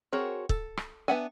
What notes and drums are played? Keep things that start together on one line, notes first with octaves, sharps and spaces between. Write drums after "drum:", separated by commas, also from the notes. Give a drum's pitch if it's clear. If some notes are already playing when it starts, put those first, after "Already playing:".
C4 F#4 G#4 A#4 C#5
A4, drum: kick
drum: rim click
B3 D4 E5 F#5 G#5